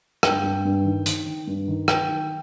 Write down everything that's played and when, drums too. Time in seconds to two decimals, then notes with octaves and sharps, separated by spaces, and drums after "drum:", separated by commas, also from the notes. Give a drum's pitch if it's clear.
0.23 G2 G5, drum: rim click
0.44 G2
0.65 G2
0.84 D#3
1.06 D#3, drum: hi-hat
1.26 D#3
1.47 G2
1.68 D#3
1.88 D#3 G5, drum: rim click
2.09 D#3